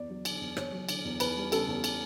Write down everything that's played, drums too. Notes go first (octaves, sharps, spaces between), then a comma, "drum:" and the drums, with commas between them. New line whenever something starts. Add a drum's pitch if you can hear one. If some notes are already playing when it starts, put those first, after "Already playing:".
Already playing: E2 D5
F#3
D3, drum: cymbal
E2
E2 C#5, drum: rim click
F#3
D3, drum: cymbal
E2
E2 B4, drum: cymbal
G3
C#3 A4, drum: cymbal
E2
drum: cymbal